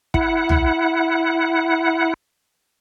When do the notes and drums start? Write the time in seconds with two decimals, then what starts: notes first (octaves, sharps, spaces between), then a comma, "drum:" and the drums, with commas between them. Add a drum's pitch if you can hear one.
0.14 E4 F#5, drum: kick
0.49 drum: tom B1